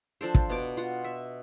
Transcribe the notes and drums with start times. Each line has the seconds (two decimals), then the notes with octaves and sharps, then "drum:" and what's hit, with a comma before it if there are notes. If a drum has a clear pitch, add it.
0.21 F3 D4 A4 C5
0.35 drum: kick
0.49 B2 D6
0.77 F4 F#5
1.04 E5